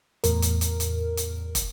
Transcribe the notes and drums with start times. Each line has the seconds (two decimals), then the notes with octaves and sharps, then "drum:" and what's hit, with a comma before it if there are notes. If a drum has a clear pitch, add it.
0.24 E2 A2 A#4, drum: hi-hat
0.42 drum: hi-hat
0.61 drum: hi-hat
0.80 drum: hi-hat
1.17 drum: hi-hat
1.55 drum: kick, hi-hat